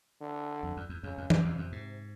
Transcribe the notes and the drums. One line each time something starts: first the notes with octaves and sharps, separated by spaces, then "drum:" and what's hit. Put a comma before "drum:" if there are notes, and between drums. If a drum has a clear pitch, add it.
D3
F2
F2
E2
F2 C#3
F2
F2, drum: tom
E2 C3
F2
G#2